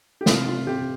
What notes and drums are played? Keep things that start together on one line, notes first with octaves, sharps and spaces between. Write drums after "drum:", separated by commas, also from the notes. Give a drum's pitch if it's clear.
G4
C3 F4, drum: snare
F4
C3 G4